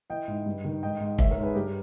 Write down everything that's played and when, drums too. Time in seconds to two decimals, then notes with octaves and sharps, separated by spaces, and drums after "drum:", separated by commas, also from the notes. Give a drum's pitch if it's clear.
0.10 E3 D#5 G5
0.28 G#2
0.46 G2
0.64 D#3
0.83 G#2 D#5 G5
1.00 G#2
1.19 D#3 C#5 E5, drum: kick
1.31 A#4 C#5
1.37 G#2
1.43 G#4 B4
1.55 G2 G4 A#4